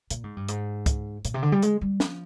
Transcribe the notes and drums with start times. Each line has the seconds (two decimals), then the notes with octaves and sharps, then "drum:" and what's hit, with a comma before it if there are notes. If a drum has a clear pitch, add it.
0.10 A#2, drum: hi-hat
0.24 G#2
0.37 G2
0.49 G#2, drum: hi-hat
0.86 drum: kick, hi-hat
1.25 A#2, drum: hi-hat
1.34 C3
1.42 D3
1.52 G3
1.63 G#3, drum: hi-hat
1.81 G3
2.00 F3, drum: snare